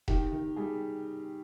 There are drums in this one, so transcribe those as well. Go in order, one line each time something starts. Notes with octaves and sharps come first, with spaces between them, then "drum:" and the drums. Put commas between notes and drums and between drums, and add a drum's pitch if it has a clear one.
D#3 G4, drum: kick E1
D#3
G3 G#4